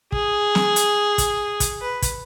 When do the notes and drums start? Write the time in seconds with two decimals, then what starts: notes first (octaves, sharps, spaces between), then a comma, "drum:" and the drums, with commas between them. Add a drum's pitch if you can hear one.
0.12 G#4, drum: kick
0.55 drum: snare
0.76 drum: hi-hat
1.18 drum: kick, hi-hat
1.60 drum: kick, hi-hat
1.81 B4
2.02 drum: kick, hi-hat